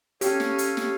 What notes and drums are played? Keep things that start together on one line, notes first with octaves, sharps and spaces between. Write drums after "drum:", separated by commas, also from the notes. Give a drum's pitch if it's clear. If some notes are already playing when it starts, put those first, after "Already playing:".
C#4 G4 A4 C#5 F5, drum: hi-hat
drum: snare
drum: hi-hat
drum: snare